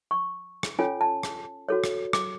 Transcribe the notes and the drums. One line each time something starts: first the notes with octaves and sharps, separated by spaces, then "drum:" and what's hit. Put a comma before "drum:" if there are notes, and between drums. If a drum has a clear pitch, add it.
C#6
drum: rim click
C#4 F4 A4 C#5 G#5
A5
drum: rim click
F#4 A4 C#5
drum: rim click
D6, drum: rim click